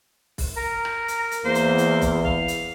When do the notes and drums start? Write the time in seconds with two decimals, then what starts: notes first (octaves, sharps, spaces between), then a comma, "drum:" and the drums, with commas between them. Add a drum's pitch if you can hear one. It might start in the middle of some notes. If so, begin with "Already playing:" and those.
0.38 drum: kick B1, open hi-hat
0.57 A#4 A#5
0.85 drum: rim click
1.08 drum: hi-hat
1.31 drum: hi-hat
1.45 E2 A#3 C5
1.55 drum: hi-hat
1.78 drum: hi-hat
2.01 drum: kick B1, hi-hat
2.25 F5, drum: kick B1
2.48 drum: hi-hat